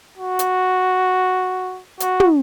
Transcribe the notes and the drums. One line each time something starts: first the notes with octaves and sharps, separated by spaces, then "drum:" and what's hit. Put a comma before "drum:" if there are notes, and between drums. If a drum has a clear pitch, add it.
F#4
drum: hi-hat
F#4, drum: hi-hat
drum: tom